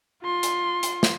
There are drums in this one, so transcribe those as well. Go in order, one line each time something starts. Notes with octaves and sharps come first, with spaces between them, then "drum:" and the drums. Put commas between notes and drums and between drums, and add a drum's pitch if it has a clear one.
F4 C6
drum: hi-hat
drum: hi-hat
drum: snare